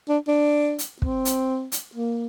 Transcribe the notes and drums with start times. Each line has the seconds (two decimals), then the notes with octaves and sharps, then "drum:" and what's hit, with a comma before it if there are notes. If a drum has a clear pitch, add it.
0.09 D4
0.28 D4
0.79 drum: hi-hat
1.02 C4, drum: kick
1.25 drum: hi-hat
1.72 drum: hi-hat
1.95 A#3